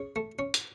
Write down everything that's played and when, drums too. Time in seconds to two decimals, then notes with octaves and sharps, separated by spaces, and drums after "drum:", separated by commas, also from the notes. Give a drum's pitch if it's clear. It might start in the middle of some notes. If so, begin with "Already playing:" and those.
Already playing: C#4 G#4
0.16 A3
0.39 C#4
0.54 drum: hi-hat